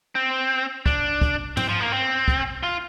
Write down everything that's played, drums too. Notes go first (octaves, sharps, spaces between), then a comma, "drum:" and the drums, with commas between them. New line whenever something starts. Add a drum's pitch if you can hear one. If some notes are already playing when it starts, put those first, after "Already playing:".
C4
D4, drum: kick
drum: kick
C4, drum: tom
F3
A#3
C4
drum: kick
F4